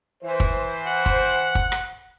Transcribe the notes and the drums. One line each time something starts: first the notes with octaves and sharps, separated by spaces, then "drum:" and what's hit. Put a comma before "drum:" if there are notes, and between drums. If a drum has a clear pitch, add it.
E3 C5
drum: kick
F#5
drum: kick
drum: kick
drum: rim click